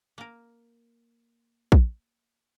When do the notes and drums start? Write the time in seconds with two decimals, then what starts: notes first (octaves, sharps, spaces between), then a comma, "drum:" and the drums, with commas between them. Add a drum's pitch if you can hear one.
0.18 A#3 A#4
1.72 drum: kick A#1